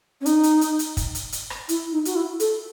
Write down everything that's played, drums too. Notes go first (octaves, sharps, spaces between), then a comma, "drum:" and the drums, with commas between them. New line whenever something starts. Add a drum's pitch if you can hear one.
C#4
D#4, drum: hi-hat
drum: hi-hat
drum: hi-hat
drum: hi-hat
drum: kick, hi-hat
drum: hi-hat
drum: hi-hat
drum: rim click
E4, drum: hi-hat
D#4
F#4, drum: hi-hat
E4
A4, drum: hi-hat